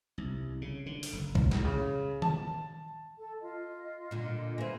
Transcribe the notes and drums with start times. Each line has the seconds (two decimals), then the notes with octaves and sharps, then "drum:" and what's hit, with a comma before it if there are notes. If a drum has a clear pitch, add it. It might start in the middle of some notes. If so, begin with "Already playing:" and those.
0.18 C2
0.62 C#3
0.86 D3
1.03 drum: open hi-hat
1.13 F#1
1.35 drum: kick B1
1.51 drum: snare
1.65 C#3
2.22 A5, drum: tom D#3
3.17 A4
3.41 F4 D#5
4.11 A#2 D3
4.58 A#3 C4 B4 E5 G#5